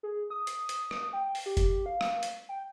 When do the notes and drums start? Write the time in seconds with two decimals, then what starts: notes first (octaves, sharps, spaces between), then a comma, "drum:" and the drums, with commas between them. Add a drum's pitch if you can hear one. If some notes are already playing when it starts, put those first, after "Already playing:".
0.03 G#4
0.30 D#6
0.47 drum: hi-hat
0.69 drum: hi-hat
0.91 drum: rim click
1.13 G5
1.35 drum: open hi-hat
1.46 G4
1.57 drum: kick F1, hi-hat
1.86 F5
2.01 drum: rim click
2.23 drum: hi-hat
2.49 G5